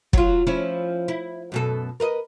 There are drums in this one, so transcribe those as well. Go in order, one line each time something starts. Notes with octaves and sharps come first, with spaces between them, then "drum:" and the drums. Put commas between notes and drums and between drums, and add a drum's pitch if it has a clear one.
F#3 F4, drum: kick
F3 C#4 E4
E4
F#2 B2 A4
A#4 B4 D#5